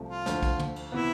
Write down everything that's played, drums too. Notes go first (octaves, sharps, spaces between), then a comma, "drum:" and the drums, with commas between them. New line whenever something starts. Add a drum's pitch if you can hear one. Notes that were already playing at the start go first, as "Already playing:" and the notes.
Already playing: C2 C3 F3 A3
F4
D2 D3 F3, drum: snare
drum: kick, cymbal
drum: tom
drum: cymbal
C3 E3 B3 E4